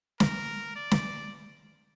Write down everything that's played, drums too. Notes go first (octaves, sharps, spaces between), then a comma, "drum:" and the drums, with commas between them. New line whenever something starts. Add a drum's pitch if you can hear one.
A#4, drum: snare
D5
drum: snare